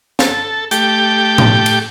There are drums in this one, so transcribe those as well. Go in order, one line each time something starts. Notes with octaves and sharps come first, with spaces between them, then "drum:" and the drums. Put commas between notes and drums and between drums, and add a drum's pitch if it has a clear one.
A4, drum: snare
A3 G4 G5 D6, drum: hi-hat
drum: tom A2
drum: cymbal